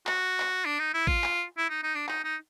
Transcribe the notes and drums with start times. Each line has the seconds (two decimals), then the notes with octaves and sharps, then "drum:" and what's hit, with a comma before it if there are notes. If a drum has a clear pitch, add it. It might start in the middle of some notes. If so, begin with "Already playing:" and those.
0.07 F#4, drum: clap
0.40 drum: clap
0.65 D4
0.79 D#4
0.94 E4
1.07 F4, drum: kick A1
1.24 drum: clap
1.57 E4
1.70 D#4
1.83 D#4
1.95 D4
2.09 D#4, drum: clap
2.24 D#4